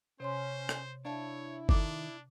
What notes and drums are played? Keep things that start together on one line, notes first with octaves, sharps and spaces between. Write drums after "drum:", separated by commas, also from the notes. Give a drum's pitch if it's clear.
C3 C#4 C5 C#5 C6
drum: rim click
D4 E4 C#5 F5 A5
D#3 D4 A4 D6, drum: kick G1